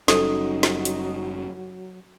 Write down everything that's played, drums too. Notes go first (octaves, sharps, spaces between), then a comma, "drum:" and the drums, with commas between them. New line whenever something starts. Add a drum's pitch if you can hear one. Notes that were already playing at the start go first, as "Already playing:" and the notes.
F#1 F#3 G3 C#4 D#4 A4, drum: snare
drum: snare
drum: hi-hat